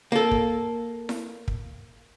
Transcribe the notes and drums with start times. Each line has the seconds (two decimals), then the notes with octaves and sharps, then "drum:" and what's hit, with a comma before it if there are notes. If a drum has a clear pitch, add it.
0.12 A#3 A4
0.31 drum: kick
1.09 drum: snare E4
1.48 drum: kick